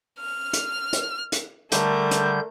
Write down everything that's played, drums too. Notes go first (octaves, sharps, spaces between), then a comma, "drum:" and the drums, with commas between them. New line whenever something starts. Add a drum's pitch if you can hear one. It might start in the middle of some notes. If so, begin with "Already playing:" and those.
F6
drum: hi-hat
drum: hi-hat
drum: hi-hat
D3 G3 A3 A#4 G6, drum: hi-hat
drum: hi-hat